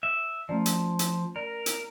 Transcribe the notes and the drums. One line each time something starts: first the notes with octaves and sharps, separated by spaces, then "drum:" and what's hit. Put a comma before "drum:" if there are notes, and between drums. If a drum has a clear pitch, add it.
E5
F3 A3 C#4 D5
drum: hi-hat
drum: hi-hat
A#4 D5
drum: hi-hat